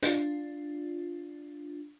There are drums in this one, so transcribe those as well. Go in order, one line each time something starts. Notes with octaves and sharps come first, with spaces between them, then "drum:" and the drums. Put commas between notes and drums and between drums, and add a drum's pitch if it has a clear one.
D4 F4, drum: hi-hat